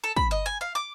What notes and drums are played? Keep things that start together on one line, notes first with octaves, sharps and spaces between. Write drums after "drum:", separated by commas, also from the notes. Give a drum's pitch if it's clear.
A4
B5, drum: kick
D#5
G#5
F5
D6